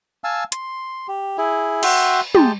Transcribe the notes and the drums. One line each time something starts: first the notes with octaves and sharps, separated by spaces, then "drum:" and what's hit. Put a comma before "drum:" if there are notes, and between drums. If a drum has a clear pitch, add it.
F5 G#5 A5 E6
C6, drum: hi-hat
G4
E4 G#4
F#4 E5 G5 C6, drum: cymbal
G#3 G4 G5 A5, drum: tom